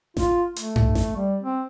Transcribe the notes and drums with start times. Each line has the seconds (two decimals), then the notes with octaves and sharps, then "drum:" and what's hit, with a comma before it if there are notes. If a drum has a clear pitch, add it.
0.17 F4, drum: snare A1
0.56 A3, drum: hi-hat
0.76 drum: tom G2
0.95 drum: snare A1
1.16 G3
1.43 C4